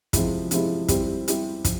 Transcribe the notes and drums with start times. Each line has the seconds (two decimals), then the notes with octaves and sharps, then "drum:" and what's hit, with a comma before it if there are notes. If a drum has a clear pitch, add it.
0.13 C3 F3 G#3 E4 G4, drum: kick, hi-hat
0.51 C3 F3 G#3 E4 G4, drum: hi-hat
0.88 G3 C4 E4 G4, drum: kick, hi-hat
1.28 G3 C4 E4 G4, drum: hi-hat
1.65 F3, drum: kick, hi-hat